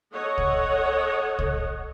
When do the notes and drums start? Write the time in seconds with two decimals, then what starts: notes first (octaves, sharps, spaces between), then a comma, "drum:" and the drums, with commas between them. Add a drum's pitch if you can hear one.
0.12 A4 C#5 D#5 F#5
0.38 drum: kick C2
1.39 drum: kick C2